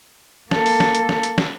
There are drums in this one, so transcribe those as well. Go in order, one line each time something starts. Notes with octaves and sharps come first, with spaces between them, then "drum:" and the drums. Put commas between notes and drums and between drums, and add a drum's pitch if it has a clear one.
A#3 A4, drum: snare
drum: open hi-hat
drum: snare
drum: hi-hat
drum: snare
drum: hi-hat
drum: snare